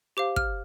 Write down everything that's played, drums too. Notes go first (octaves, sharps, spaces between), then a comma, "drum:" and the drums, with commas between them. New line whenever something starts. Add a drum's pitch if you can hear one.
G4 C5 F5 D6
F6, drum: kick